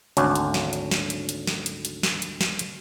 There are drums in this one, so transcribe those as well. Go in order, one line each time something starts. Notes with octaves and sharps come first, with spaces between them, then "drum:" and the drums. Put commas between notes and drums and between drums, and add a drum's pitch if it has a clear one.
G#1 D2 C#4, drum: hi-hat
drum: hi-hat
drum: snare
drum: hi-hat
drum: snare
drum: hi-hat
drum: hi-hat
drum: snare
drum: hi-hat
drum: hi-hat
drum: snare
drum: hi-hat
drum: snare
drum: hi-hat